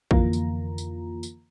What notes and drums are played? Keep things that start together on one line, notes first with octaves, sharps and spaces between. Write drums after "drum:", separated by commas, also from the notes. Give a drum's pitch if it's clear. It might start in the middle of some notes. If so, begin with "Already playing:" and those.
F2 D3 E3 A#3 F4 A#5, drum: kick
drum: tambourine
drum: tambourine
drum: tambourine